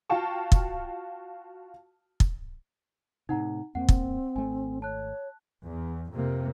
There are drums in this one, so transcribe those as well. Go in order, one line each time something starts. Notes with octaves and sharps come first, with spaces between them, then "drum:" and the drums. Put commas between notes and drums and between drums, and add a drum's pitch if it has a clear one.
F4 F#4 F5 G5 A5 C#6
drum: kick
drum: kick
A2 C3 D#4 F#5 A#5
E2 A#3 C4 F#5
drum: kick
G#1 A3 G#5
C#5 A5 F#6
E2
F2 C3 A#3